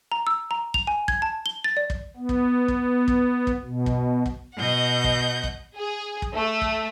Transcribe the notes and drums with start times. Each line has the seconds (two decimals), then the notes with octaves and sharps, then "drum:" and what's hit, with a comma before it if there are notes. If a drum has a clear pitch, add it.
0.12 A#5
0.27 E6
0.51 A#5
0.74 F7, drum: kick
0.87 G#5
1.08 G#6, drum: kick
1.22 A5
1.46 G7
1.64 A6
1.77 D5
1.90 drum: kick
2.17 B3
2.29 drum: kick
2.68 drum: kick
3.08 drum: kick
3.47 drum: kick
3.63 B2
3.86 drum: kick
4.26 drum: kick
4.57 B2 D#5 F#5 G6
5.04 drum: kick
5.44 drum: kick
5.76 G#4
6.22 drum: kick
6.33 A3
6.61 drum: kick